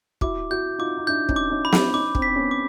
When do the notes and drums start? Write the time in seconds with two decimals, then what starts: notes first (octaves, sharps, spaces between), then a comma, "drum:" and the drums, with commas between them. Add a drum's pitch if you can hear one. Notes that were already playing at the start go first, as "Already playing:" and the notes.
0.21 E4 F#4 D6, drum: kick
0.50 E4 F#4 G6
0.78 D#4 F4 D6
0.98 D#4
1.07 D4 E4 G6
1.29 C#4 D#4, drum: kick
1.36 D6
1.50 C#4 D#4
1.65 B5
1.72 D4 E4, drum: snare
1.93 C#4 D#4 D6
2.15 C4 D4, drum: kick
2.22 B6
2.28 C4
2.36 B3 C#4
2.51 D6